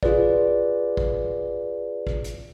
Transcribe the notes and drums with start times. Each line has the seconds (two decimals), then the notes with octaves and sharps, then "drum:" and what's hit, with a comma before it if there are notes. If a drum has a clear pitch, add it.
0.03 F4 G#4 B4 D5, drum: kick
0.97 drum: kick
2.07 drum: kick
2.24 drum: hi-hat